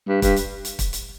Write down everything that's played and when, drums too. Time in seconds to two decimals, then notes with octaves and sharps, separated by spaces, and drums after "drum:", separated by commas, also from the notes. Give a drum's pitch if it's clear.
0.08 G2
0.22 G2, drum: kick, hi-hat
0.36 drum: hi-hat
0.65 drum: hi-hat
0.79 drum: kick, hi-hat
0.93 drum: hi-hat